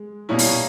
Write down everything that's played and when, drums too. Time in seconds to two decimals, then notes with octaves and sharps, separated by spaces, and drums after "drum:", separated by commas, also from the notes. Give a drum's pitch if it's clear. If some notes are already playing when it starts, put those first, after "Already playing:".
Already playing: G#3
0.29 B2 G3 A#3 C#4 E4
0.39 drum: open hi-hat